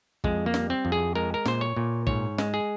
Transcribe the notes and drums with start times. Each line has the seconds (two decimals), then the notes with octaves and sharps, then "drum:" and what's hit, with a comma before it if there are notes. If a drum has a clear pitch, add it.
0.24 F2 G#3, drum: kick
0.46 A#3
0.54 G3, drum: snare
0.70 C4
0.85 F2
0.92 G#4
1.15 G#3 A#4
1.34 A#4
1.45 A#2 C5, drum: snare
1.61 C#5
1.76 A#2
2.07 G#2 C#5, drum: kick
2.38 G#3, drum: snare
2.54 G#4